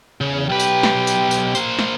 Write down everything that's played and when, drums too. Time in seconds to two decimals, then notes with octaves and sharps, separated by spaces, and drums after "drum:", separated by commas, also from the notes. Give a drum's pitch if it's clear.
0.21 E2 C#3
0.49 B1 G4 B4 G5
0.60 drum: tambourine
0.83 drum: snare
1.07 drum: tambourine
1.31 drum: tambourine
1.55 A#3 C5, drum: tambourine
1.79 drum: snare